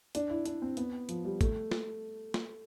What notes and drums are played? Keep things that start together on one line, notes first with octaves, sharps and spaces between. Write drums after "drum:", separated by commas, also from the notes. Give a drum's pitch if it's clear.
D4, drum: hi-hat
E4
D4, drum: hi-hat
C4
B3, drum: hi-hat
F3, drum: hi-hat
G3
A3, drum: kick G#1, hi-hat
drum: snare
drum: snare